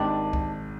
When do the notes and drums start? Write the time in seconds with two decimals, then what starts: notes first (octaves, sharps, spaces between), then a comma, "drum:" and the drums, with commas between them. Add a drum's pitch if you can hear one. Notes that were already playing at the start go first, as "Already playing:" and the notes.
Already playing: G#1 G#2 D#3 G3 D4
0.33 drum: kick C2